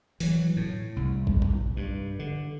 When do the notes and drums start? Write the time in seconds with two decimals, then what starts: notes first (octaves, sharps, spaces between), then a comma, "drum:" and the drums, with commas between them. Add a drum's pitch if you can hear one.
0.20 E3 F#3, drum: open hi-hat
0.57 A2
0.96 C2
1.27 drum: kick A1
1.42 drum: tom A2
1.76 G2
2.19 D3